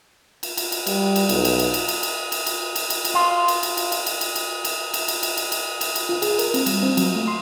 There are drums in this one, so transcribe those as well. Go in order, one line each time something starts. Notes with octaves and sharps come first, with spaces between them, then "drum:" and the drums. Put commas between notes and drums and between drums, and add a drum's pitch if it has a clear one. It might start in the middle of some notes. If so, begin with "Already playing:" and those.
drum: cymbal
drum: cymbal
drum: cymbal
G3, drum: cymbal
drum: cymbal
B1, drum: cymbal
drum: cymbal
drum: cymbal
drum: cymbal
drum: cymbal
drum: cymbal
drum: cymbal
drum: cymbal
drum: cymbal
drum: cymbal
drum: cymbal
F4
drum: cymbal
drum: cymbal
drum: cymbal
drum: cymbal
drum: cymbal
drum: cymbal
drum: cymbal
drum: cymbal
drum: cymbal
drum: cymbal
drum: cymbal
drum: cymbal
drum: cymbal
drum: cymbal
drum: cymbal
F4
G#4, drum: cymbal
A#4, drum: cymbal
C4, drum: cymbal
G3, drum: cymbal
C4
F#3, drum: cymbal
A3
C6